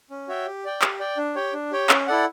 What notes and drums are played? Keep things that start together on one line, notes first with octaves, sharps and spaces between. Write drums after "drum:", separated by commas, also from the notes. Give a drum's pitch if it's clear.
C#4
F#4 C#5 E5 G5
G4
D5 G5
G4, drum: clap
D5 G5
D4
G4 C#5 G5
D4
G4 C#5 G5
C#4, drum: clap
E4 A4 D5 F#5